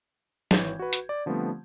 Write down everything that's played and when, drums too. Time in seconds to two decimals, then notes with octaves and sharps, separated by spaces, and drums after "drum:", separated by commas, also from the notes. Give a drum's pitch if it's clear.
0.51 G#1 E3 C#5 G6 G#6, drum: snare
0.79 F#4 B4
0.93 drum: hi-hat
1.09 D5
1.26 D3 F3 G3 A3 B3 C4